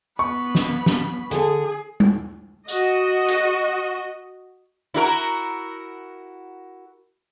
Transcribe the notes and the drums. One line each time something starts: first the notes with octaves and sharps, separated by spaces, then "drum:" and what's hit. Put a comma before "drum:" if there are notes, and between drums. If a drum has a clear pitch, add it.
B3 B5 C#6
drum: snare
drum: snare
D3 G#4 A4, drum: hi-hat
drum: tom G3
F#4 D#5, drum: tambourine
drum: hi-hat
E4 F#4 A#4